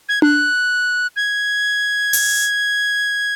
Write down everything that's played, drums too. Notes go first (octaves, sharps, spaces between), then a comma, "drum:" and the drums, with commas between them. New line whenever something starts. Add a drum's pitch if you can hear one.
G#6
F#6, drum: tom D4
G#6
drum: open hi-hat